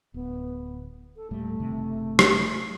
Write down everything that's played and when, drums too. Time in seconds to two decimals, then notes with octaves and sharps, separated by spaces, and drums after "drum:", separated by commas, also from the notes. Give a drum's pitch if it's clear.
0.14 D1 B3
1.16 A4
1.31 E1 A#2 G3 A3
1.60 F#1 C3 D#3
2.19 drum: rim click